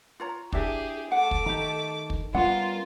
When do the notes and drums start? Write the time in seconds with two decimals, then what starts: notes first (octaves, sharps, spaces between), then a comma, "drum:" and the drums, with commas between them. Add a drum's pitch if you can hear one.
0.20 F4 C#5 A#5
0.52 D4 E4 G4 G#4 E5, drum: kick
1.12 A3 F#5 D6
1.31 drum: kick
1.46 D#3 G4 A#5
2.10 drum: kick
2.34 G3 B3 C#4 F4 A#4 F#5